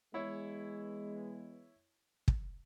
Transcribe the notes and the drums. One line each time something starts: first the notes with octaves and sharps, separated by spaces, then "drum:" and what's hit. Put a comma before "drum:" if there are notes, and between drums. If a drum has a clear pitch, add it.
E3 G#3 B3 E4 C#5
drum: kick